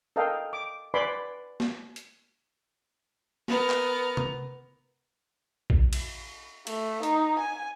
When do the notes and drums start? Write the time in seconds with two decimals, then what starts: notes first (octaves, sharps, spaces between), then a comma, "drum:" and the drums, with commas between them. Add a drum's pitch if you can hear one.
0.16 A4 A#4 D#5 F5 G5
0.53 D6
0.94 B4 D5 G#5 B5 C6 D6
1.60 drum: snare
1.96 drum: hi-hat
3.48 B3 A#4, drum: snare
3.70 drum: clap
4.17 drum: tom C3
5.70 drum: kick A#1
5.93 drum: cymbal
6.67 A3, drum: cymbal
7.03 D#4, drum: hi-hat
7.39 G#5